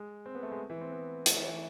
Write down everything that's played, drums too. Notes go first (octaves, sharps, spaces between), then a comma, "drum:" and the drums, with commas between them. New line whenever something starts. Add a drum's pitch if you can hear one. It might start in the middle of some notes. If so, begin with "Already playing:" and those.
Already playing: G#3
C4
B3
A3
G#3
E3
C4
B3
A3, drum: hi-hat
E3
E3